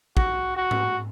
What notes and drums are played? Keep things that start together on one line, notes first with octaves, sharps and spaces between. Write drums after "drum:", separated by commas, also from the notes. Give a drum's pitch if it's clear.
F#4, drum: kick
F#4
drum: tom G#2